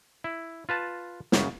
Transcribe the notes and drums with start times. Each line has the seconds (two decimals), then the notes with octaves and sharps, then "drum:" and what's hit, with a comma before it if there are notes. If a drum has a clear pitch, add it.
0.24 E4
0.69 F4 B4 A5
1.32 F#2 C#3, drum: snare